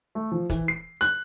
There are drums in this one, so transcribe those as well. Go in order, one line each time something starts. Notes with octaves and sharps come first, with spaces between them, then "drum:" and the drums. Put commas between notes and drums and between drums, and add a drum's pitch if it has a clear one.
A3
F3
E3, drum: kick, hi-hat
C7
F#6, drum: hi-hat